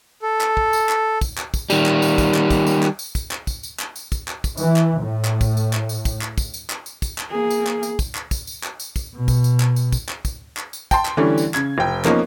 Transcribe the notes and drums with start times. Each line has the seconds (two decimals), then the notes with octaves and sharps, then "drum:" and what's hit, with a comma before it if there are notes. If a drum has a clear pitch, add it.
0.22 A4
0.41 drum: clap
0.57 drum: kick
0.73 drum: tambourine
0.89 drum: clap
1.21 drum: kick, tambourine
1.38 drum: clap
1.54 drum: kick, tambourine
1.70 D#3 G3, drum: tambourine
1.86 drum: clap
2.02 drum: tambourine
2.18 drum: kick, tambourine
2.34 drum: clap
2.50 drum: kick, tambourine
2.67 drum: tambourine
2.83 drum: clap
2.99 drum: tambourine
3.15 drum: kick, tambourine
3.31 drum: clap
3.47 drum: kick, tambourine
3.63 drum: tambourine
3.80 drum: clap
3.96 drum: tambourine
4.12 drum: kick, tambourine
4.28 drum: clap
4.44 drum: kick, tambourine
4.57 E3, drum: tambourine
4.76 drum: clap
5.01 A2
5.25 drum: clap
5.41 drum: kick, tambourine
5.57 drum: tambourine
5.73 drum: clap
5.89 drum: tambourine
6.05 drum: kick, tambourine
6.21 drum: clap
6.38 drum: kick, tambourine
6.54 drum: tambourine
6.70 drum: clap
6.86 drum: tambourine
7.02 drum: kick, tambourine
7.18 drum: clap
7.30 A#3 G#4
7.51 drum: tambourine
7.67 drum: clap
7.83 drum: tambourine
7.99 drum: kick, tambourine
8.15 drum: clap
8.31 drum: kick, tambourine
8.47 drum: tambourine
8.63 drum: clap
8.80 drum: tambourine
8.96 drum: kick, tambourine
9.16 B2
9.28 drum: kick, tambourine
9.44 drum: tambourine
9.60 drum: clap
9.76 drum: tambourine
9.92 drum: kick, tambourine
10.09 drum: clap
10.25 drum: kick, tambourine
10.57 drum: clap
10.73 drum: tambourine
10.91 G5 A5 C6, drum: kick, tambourine
11.05 drum: clap
11.17 D3 E3 G3 A3 C#4 D4
11.38 drum: tambourine
11.54 C#3 G#6, drum: clap
11.78 F1 G5
12.05 F3 A#3 B3 C#4 D#4, drum: clap